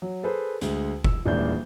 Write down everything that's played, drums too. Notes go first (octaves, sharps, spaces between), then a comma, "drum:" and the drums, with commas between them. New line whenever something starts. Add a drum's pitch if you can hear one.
F#3
G#4 A4 B4 C5
D2 G#3, drum: hi-hat
E6, drum: kick F1
D#1 E3 G#3 A#3 D4 G6